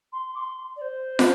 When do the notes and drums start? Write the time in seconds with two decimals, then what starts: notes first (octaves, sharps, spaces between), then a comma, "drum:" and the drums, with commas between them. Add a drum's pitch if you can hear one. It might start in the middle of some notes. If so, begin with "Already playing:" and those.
0.12 C6
0.35 D6
0.39 C6
0.76 D5
0.81 C5
1.19 drum: snare